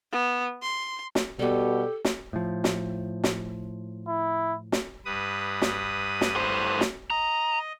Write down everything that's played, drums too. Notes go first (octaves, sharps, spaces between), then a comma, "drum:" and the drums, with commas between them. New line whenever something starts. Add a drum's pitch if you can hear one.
B3
C6
drum: snare
B2 G3 B3 G4 A4
drum: snare
A2 F3
drum: snare
drum: snare
E4
drum: snare
G2 B4 D#6
drum: snare
drum: snare
A2 C5
drum: snare
D#5 A#5